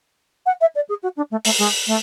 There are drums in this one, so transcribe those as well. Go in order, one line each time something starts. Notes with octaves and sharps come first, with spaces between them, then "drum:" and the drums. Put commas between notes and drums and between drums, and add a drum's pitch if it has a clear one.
F#5
E5
D5
G#4
F#4
D4
A3
A3, drum: open hi-hat
G#3
A3